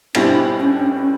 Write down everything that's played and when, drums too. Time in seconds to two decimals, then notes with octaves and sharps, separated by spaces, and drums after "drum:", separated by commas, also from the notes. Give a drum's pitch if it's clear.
0.15 B2 G3 C4 D4 E4 G4, drum: cymbal
0.60 C#4
0.70 D4
0.80 C#4
0.97 C#4